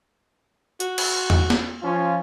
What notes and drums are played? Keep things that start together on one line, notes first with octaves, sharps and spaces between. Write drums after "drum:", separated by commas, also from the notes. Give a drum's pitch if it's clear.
F#4, drum: hi-hat
drum: cymbal
drum: tom E2
drum: snare
F3 C#4 F4